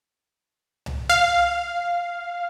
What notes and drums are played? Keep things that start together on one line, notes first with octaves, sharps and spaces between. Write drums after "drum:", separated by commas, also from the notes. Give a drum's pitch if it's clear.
drum: tom C2
F5